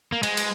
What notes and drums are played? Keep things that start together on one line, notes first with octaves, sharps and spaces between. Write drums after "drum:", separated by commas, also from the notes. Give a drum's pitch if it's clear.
A#3
G#3, drum: cymbal
drum: cymbal